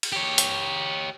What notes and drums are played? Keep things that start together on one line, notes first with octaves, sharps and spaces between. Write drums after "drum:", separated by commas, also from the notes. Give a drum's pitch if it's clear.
drum: cymbal
G4 C#5
drum: hi-hat